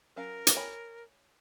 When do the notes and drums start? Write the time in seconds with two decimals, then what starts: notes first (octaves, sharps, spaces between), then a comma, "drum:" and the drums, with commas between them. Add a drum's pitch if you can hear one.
0.16 F#3 C#4 A#4 F5
0.47 drum: hi-hat
0.57 C#5 G#5 B5